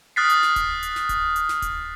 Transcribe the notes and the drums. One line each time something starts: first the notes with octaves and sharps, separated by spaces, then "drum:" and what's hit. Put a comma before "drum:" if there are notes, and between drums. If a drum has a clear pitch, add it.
D#6 F6 F#6 A6 B6 C7
drum: hi-hat
drum: snare
drum: kick D1, hi-hat
drum: hi-hat
drum: snare
drum: kick D1, hi-hat
drum: hi-hat
drum: snare
drum: kick D1, hi-hat